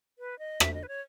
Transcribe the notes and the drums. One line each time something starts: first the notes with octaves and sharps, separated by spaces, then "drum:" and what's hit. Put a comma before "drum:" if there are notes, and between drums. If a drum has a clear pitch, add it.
B4
D#5
E5, drum: rim click
D#5
B4
C#5